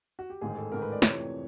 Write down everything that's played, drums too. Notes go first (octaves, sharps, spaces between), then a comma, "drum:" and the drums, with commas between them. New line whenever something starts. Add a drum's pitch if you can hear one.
F#4
G4
A1 G#2 D#3 G#4
A4
A1 G#2 D#3 A#4
B4
D5
F2 C3 E3 A3 C#5, drum: snare